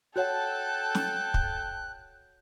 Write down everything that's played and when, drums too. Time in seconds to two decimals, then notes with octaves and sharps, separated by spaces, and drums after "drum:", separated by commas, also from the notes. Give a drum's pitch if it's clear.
0.16 F#4 A4 C#5 F#5 G5 F#6
0.95 drum: snare
1.34 drum: kick